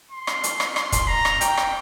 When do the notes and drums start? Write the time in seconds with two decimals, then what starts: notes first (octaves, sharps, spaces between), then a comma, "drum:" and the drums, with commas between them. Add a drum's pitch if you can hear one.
0.11 C6
0.27 drum: rim click
0.44 drum: hi-hat
0.60 drum: rim click
0.76 C6, drum: rim click
0.92 drum: kick, hi-hat
1.08 A#5
1.25 drum: rim click
1.41 G5, drum: hi-hat
1.57 drum: rim click